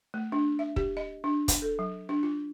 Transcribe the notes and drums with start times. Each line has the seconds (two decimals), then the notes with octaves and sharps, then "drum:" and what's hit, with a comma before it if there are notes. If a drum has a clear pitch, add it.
0.14 A3
0.32 D4
0.59 E5
0.76 G4, drum: kick
0.97 D#5
1.24 D4
1.48 drum: kick, hi-hat
1.62 A4
1.79 F#3
2.09 D4
2.23 F4